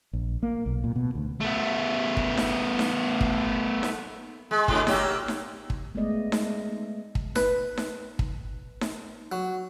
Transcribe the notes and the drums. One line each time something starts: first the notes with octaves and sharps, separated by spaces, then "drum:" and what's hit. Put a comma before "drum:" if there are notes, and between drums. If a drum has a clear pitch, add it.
A#1
A#3
B1
A#2
B2
D2
A3 B3
drum: kick
drum: snare D#4
drum: snare D#4
drum: kick
drum: snare D#4
G#3
G#2 B2 D3, drum: kick
F#3 A#3 G4, drum: snare D#4
drum: snare D#4
drum: kick
G#3 A3 B3 D5 D#5
drum: snare D#4
drum: kick
B4, drum: snare D#4
drum: snare D#4
drum: kick
drum: snare D#4
F#3